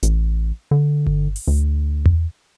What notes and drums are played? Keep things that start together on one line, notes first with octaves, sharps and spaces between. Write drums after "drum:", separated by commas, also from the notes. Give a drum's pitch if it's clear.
A1, drum: hi-hat
D3
drum: kick G1
drum: open hi-hat
D2
drum: tom E2